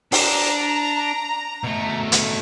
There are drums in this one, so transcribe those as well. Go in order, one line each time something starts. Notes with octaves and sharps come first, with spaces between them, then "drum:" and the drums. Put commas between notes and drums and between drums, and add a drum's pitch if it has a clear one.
D4 A#5, drum: open hi-hat
B2 A3
drum: hi-hat